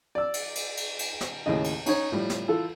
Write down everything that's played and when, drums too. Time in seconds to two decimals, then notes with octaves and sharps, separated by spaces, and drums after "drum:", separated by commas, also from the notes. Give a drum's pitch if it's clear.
0.15 D5 E6
0.34 drum: cymbal
0.55 drum: cymbal
0.77 drum: cymbal
0.99 drum: cymbal
1.21 drum: snare
1.46 D#2 A2 C#3 D#5
1.64 drum: cymbal
1.86 C#4 D#4 C#5, drum: cymbal
2.12 A2 F3 G3
2.30 drum: snare
2.48 E3 F4 A4